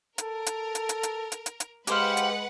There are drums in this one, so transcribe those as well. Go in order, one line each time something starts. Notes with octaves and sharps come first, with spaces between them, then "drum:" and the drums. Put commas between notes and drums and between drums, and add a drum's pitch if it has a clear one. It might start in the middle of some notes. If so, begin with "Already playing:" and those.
A4 A#4, drum: hi-hat
drum: hi-hat
drum: hi-hat
drum: hi-hat
drum: hi-hat
drum: hi-hat
drum: hi-hat
drum: hi-hat
G#3 G4 B4 C5 F5 F#5, drum: hi-hat
drum: hi-hat